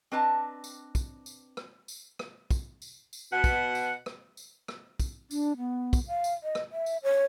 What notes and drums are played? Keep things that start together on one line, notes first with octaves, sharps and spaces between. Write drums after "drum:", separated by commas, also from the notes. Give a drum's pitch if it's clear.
C4 D4 B4 D#5 A5 A#5
drum: tambourine
drum: kick, tambourine
drum: tambourine
drum: rim click
drum: tambourine
drum: rim click
drum: kick, tambourine
drum: tambourine
drum: tambourine
B2 F#5
drum: kick, tambourine
drum: tambourine
drum: rim click
drum: tambourine
drum: rim click
drum: kick, tambourine
D4, drum: tambourine
B3
drum: kick, tambourine
F5
drum: tambourine
D#5
drum: rim click
E5
drum: tambourine
C#5